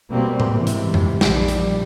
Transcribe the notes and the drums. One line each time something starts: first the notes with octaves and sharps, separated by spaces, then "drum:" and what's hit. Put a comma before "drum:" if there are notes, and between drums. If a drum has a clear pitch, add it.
B2 G3 A#3 C4
drum: tom A2
G#2 C3 E3
drum: hi-hat
drum: tom F2
A#1 G3, drum: snare
drum: hi-hat